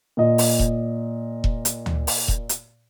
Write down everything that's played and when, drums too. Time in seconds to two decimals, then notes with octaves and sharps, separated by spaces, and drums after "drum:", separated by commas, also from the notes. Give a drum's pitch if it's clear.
0.17 A#2 D#5
0.38 drum: open hi-hat
0.59 drum: kick E1
1.44 drum: kick E1
1.65 drum: hi-hat
1.86 drum: tom D2
2.07 drum: open hi-hat
2.28 drum: kick E1
2.49 drum: hi-hat